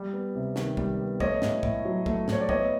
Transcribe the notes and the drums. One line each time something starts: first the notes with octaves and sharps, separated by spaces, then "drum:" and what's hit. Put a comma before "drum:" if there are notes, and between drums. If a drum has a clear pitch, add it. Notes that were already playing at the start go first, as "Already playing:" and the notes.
Already playing: G3
B3
C3
D#3, drum: snare
G3, drum: kick
B3
A3 C#5 D#5, drum: kick
A2, drum: snare
A2, drum: kick
F#3
A3, drum: kick
A2 C#5, drum: snare
D5
B3 C#5 D#5, drum: kick